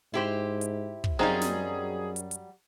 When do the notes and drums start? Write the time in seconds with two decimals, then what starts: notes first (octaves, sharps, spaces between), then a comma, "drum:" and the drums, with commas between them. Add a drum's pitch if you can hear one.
0.14 G#2 E4 G4 C5
0.61 drum: hi-hat
1.04 drum: kick
1.19 F#2 F#3 G3 C4 D#4 G#4 F5
1.41 drum: snare
2.16 drum: hi-hat
2.31 drum: hi-hat